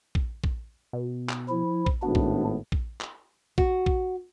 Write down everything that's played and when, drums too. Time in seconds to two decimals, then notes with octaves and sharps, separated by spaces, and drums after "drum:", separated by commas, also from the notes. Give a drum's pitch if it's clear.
0.15 drum: kick
0.44 drum: kick
0.93 B2
1.29 drum: clap
1.49 F3 E4
1.86 drum: kick
2.02 G#1 A2 B3 D4 F#4
2.15 drum: kick
2.72 drum: kick
3.01 drum: clap
3.58 F#4, drum: kick
3.86 drum: kick